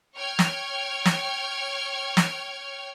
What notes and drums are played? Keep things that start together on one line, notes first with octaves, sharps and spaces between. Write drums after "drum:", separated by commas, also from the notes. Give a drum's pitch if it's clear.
C#5 G5 C#6 F6 G#6
drum: snare
drum: snare
drum: snare